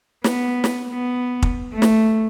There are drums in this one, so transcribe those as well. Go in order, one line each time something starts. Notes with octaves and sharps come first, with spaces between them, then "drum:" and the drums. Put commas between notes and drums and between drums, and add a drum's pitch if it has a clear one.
B3, drum: snare
drum: snare
B3
drum: kick
A3
drum: snare